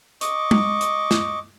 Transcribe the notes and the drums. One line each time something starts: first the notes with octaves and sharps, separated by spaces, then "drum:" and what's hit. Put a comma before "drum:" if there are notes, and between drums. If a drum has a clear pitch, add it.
D#5 C#6 D6, drum: hi-hat
drum: tom G#3
drum: hi-hat
drum: snare